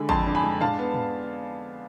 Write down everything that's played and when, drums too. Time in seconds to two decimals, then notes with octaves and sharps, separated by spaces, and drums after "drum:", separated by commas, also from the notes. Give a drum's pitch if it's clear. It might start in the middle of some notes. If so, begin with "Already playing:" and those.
Already playing: D3 G#3 D4 G#5 B5
0.09 F2 A5 C6, drum: kick G#1
0.26 D4
0.35 G#5 B5
0.43 G#3
0.61 D4 F5 A5, drum: tom
0.78 B3
0.94 drum: tom